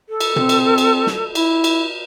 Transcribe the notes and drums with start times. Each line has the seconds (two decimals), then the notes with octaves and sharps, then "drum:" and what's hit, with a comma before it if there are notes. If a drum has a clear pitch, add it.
0.09 A4
0.20 drum: cymbal
0.36 C4, drum: tom
0.49 drum: cymbal
0.78 drum: cymbal
1.07 drum: snare
1.35 E4, drum: cymbal
1.64 drum: cymbal